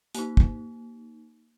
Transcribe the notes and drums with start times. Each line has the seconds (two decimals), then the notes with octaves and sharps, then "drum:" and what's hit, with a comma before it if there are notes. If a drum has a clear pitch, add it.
0.15 A#3 D#4, drum: hi-hat
0.37 drum: kick